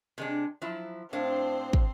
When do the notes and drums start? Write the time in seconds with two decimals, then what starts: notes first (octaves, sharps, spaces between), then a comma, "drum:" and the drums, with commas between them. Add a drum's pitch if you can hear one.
0.18 C3 G#3 D4
0.62 F3 F#3 E4
1.13 A2 C4 D4 C5 F5
1.73 drum: kick